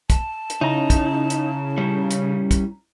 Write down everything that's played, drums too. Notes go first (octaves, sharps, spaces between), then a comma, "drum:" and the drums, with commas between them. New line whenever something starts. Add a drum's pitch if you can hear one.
A5, drum: kick, hi-hat
drum: hi-hat
C#3 D#4 E4 A#5
drum: kick, hi-hat
drum: hi-hat
G3 C#4
drum: hi-hat
drum: kick, hi-hat